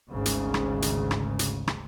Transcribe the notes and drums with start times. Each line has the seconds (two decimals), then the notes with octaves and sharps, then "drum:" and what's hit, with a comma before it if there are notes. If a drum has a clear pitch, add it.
0.11 G#1 D2 G#2 C#3 G#3
0.26 drum: hi-hat
0.54 drum: rim click
0.82 drum: hi-hat
1.11 drum: rim click
1.39 drum: hi-hat
1.67 drum: rim click